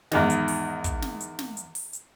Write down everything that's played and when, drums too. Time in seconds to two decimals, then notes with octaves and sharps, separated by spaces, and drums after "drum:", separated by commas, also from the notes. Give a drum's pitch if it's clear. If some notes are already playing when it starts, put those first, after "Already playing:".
0.12 E2 G#2 D#3, drum: snare
0.30 drum: hi-hat
0.48 drum: open hi-hat
0.84 drum: kick, hi-hat
1.02 drum: snare
1.20 drum: hi-hat
1.39 drum: snare
1.57 drum: hi-hat
1.75 drum: open hi-hat
1.93 drum: hi-hat